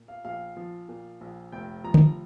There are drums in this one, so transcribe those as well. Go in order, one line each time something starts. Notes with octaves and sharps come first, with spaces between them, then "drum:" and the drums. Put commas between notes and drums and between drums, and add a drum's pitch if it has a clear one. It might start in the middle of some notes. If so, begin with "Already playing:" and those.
Already playing: A#2
F5
A#1 F5
F3
A#2
A#1
F1 G5
F3 A#5
drum: tom